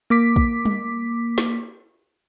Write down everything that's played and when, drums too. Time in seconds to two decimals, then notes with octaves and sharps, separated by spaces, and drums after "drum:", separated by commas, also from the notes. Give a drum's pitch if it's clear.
0.10 A#3 D6 B6
0.36 drum: kick
0.65 drum: tom G3
1.38 drum: snare